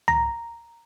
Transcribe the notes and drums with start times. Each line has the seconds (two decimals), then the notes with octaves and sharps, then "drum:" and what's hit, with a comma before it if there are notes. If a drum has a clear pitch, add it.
0.08 A#5, drum: tom